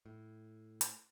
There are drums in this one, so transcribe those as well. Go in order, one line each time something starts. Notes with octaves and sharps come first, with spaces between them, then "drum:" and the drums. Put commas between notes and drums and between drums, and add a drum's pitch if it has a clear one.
A2
drum: hi-hat